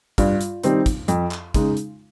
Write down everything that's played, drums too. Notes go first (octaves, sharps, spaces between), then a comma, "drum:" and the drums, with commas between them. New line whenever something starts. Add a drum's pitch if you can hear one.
G2 F4, drum: kick, hi-hat
drum: hi-hat
D#3 G3 C4 D#4, drum: hi-hat
drum: kick, hi-hat
F2, drum: hi-hat
drum: clap
C#3 G#3 D#4, drum: kick, hi-hat
drum: hi-hat